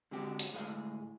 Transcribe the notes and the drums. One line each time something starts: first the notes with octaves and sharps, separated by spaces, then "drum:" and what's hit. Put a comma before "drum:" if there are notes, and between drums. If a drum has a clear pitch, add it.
D3 G#3 C4 F#4 G4
drum: hi-hat
D2 A2 G#3 G#4 F5